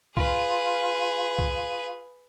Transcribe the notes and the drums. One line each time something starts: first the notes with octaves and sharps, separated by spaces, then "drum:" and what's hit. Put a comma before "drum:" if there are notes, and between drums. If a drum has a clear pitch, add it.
F4 G#4 B4, drum: kick C2
drum: kick C2